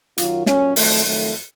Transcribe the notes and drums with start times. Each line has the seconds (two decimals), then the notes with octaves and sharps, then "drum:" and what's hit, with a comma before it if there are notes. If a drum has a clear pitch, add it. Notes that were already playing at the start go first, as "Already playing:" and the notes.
0.18 F#2 D#3 F#3 F4, drum: hi-hat
0.46 A#2 F#3 C#4, drum: snare
0.76 F2 D#3 F#3 A3, drum: open hi-hat
1.05 F2 D#3 F#3 A3